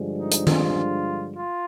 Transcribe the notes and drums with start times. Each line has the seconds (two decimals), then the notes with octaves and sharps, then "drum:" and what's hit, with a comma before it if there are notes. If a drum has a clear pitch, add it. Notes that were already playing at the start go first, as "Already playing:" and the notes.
Already playing: G2 D3 F3 G#3
0.18 D#4
0.32 drum: hi-hat
0.47 F4, drum: tom D#3
1.35 F4